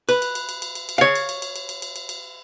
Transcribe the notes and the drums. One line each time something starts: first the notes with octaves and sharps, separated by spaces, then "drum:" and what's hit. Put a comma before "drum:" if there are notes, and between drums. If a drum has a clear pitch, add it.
B4, drum: cymbal
drum: cymbal
drum: cymbal
drum: cymbal
drum: cymbal
drum: cymbal
drum: cymbal
C#5 F5
drum: cymbal
drum: cymbal
drum: cymbal
drum: cymbal
drum: cymbal
drum: cymbal
drum: cymbal
drum: cymbal